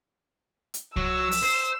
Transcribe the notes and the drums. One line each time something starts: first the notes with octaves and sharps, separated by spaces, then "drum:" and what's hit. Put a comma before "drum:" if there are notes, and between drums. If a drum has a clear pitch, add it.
drum: hi-hat
F#3 E6, drum: kick C2
drum: open hi-hat
C5